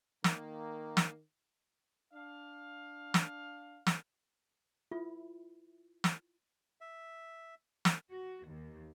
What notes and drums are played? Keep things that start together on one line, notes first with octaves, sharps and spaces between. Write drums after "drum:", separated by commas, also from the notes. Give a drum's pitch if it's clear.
D#3 A#3, drum: snare
drum: snare
D4 F5
drum: snare
drum: snare
E4 F4
drum: snare
E5
drum: snare
F#4
D#2